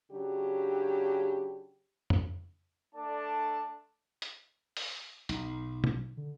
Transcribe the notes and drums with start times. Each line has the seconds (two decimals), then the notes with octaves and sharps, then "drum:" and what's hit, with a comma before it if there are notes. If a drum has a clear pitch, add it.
0.12 C#3 F#3 D4 G4
2.10 drum: tom
2.94 A3 D4 A4 D5 A5
4.22 drum: hi-hat
4.77 drum: open hi-hat
5.29 B1 D#4, drum: hi-hat
5.84 drum: tom
6.17 D3